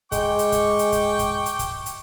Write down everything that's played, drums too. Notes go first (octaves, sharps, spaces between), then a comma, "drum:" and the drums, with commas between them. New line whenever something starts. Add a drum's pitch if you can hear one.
G#3 G5 C#6 D6, drum: kick, hi-hat
drum: hi-hat
drum: kick, hi-hat
drum: hi-hat
drum: kick, hi-hat
drum: kick, hi-hat
drum: hi-hat
drum: kick, hi-hat
drum: hi-hat